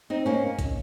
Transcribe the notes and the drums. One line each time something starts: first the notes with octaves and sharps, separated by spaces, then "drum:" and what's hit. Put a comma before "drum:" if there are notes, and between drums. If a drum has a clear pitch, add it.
C4 D#4
A#3 C#4
drum: kick A#1, hi-hat